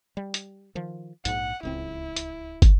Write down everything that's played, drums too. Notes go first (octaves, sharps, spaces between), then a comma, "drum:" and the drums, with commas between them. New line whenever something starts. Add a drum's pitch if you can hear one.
G3
drum: hi-hat
D#3 F3
A#1 G#2 F#5, drum: hi-hat
D1 C#2 C4 E4
drum: hi-hat
drum: kick, hi-hat